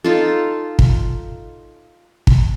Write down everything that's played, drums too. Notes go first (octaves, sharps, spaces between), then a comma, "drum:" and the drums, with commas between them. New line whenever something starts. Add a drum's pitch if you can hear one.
D#4 F4 A4
drum: kick
drum: kick